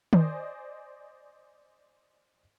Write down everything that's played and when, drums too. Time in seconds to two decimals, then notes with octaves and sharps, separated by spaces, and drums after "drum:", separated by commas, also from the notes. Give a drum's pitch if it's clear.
0.13 C5 D5 D#5 G#5 C6 D#6, drum: tom D#3